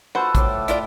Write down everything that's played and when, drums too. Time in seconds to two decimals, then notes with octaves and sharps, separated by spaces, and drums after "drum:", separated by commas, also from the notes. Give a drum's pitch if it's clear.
0.15 F4 F#4 A4 B4 C5
0.35 A2 D6, drum: kick, hi-hat
0.68 E4 F4 D5, drum: hi-hat